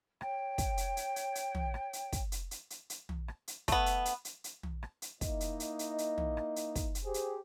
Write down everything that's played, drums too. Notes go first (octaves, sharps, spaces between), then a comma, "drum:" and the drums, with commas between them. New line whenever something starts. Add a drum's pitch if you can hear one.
C#5 G5, drum: rim click
drum: kick, hi-hat
drum: hi-hat
drum: hi-hat
drum: hi-hat
drum: hi-hat
drum: tom
drum: rim click
drum: hi-hat
drum: kick, hi-hat
drum: hi-hat
drum: hi-hat
drum: hi-hat
drum: hi-hat
drum: tom
drum: rim click
drum: hi-hat
A3 B3, drum: kick, hi-hat
drum: hi-hat
drum: hi-hat
drum: hi-hat
drum: hi-hat
drum: tom
drum: rim click
drum: hi-hat
A#3 D#4 E4 D#5, drum: kick, hi-hat
drum: hi-hat
drum: hi-hat
drum: hi-hat
drum: hi-hat
drum: tom
drum: rim click
drum: hi-hat
drum: kick, hi-hat
drum: hi-hat
G4 G#4 C5
drum: hi-hat